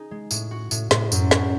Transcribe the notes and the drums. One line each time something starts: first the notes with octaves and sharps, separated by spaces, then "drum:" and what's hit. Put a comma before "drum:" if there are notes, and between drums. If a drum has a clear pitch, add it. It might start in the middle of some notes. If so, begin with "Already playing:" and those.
Already playing: D#4 G#4
G#3
A2, drum: tambourine
F#4
A2, drum: tambourine
A2, drum: snare
F#2, drum: tambourine
C#4, drum: snare